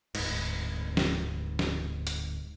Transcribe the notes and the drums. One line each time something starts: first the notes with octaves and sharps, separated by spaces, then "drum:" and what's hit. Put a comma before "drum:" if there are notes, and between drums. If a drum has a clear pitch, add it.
D1 G#2, drum: cymbal
drum: snare
drum: snare
drum: hi-hat